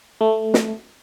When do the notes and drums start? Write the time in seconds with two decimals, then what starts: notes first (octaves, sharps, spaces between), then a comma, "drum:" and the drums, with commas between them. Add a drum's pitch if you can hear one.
0.21 A3
0.54 drum: snare